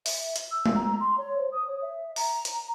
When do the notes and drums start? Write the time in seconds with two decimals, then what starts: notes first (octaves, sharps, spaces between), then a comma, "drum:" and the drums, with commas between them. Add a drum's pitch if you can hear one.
0.06 E5, drum: open hi-hat
0.36 drum: hi-hat
0.51 E6
0.66 drum: tom
0.75 A#5
1.00 C6
1.18 C#5
1.38 C5
1.52 D#6
1.68 C#5
1.82 E5
2.16 A#5, drum: open hi-hat
2.45 drum: hi-hat